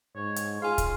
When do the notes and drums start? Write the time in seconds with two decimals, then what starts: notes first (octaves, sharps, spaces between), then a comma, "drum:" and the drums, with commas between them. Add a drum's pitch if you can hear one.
0.16 G#2 C#5
0.36 drum: hi-hat
0.62 F4 G#4 F5 G#5
0.78 drum: kick, hi-hat